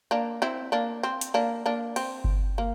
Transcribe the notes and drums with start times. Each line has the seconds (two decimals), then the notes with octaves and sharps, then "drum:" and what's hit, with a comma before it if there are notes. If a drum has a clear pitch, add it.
0.11 A#3 D4
0.42 C4 E4
0.72 A#3 D4
1.03 C4
1.21 drum: hi-hat
1.34 A#3 D4
1.66 A#3 D4
1.96 C4, drum: cymbal
2.24 drum: kick G1
2.58 A#3